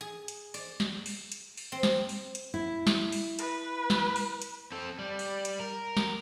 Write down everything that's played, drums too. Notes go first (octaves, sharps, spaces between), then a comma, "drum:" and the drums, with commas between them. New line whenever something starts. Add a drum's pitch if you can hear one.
G#4
drum: hi-hat
D5, drum: open hi-hat
drum: snare
drum: open hi-hat
drum: hi-hat
drum: open hi-hat
C4
drum: snare
drum: open hi-hat
drum: hi-hat
E4
drum: snare
drum: open hi-hat
B4, drum: hi-hat
drum: snare
drum: open hi-hat
drum: hi-hat
C4 A4
G3
drum: open hi-hat
drum: hi-hat
A#4
drum: snare